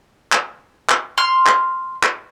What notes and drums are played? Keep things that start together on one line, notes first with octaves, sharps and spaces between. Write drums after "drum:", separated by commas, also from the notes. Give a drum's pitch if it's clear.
drum: clap
drum: clap
C6 F6
drum: clap
drum: clap